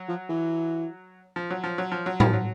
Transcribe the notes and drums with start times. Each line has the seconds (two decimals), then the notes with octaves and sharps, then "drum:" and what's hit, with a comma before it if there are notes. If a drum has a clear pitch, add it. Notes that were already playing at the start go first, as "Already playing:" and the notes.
Already playing: F#3
0.08 F3
0.29 E3
1.36 F3
1.50 F#3
1.64 F3
1.78 F#3
1.92 F3
2.06 F#3
2.20 D#3 F3, drum: tom A2
2.33 F#3